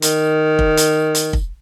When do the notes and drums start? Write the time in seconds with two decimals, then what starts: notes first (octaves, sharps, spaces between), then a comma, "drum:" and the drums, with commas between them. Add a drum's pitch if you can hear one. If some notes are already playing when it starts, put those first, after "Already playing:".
0.02 D#3, drum: hi-hat
0.59 drum: kick
0.77 drum: hi-hat
1.15 drum: hi-hat
1.33 drum: kick